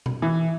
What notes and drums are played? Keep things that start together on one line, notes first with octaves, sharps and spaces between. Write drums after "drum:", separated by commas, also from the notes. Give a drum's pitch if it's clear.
drum: tom B2
E3